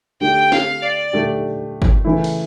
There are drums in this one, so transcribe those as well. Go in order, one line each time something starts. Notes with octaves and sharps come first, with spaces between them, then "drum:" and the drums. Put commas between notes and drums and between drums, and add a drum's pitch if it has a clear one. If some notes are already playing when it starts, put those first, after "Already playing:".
D3 A3 D4 G4 G5
F5, drum: snare
D5
D3 A3 D4 G4
drum: kick
C#3 E3 A3 E4
drum: cymbal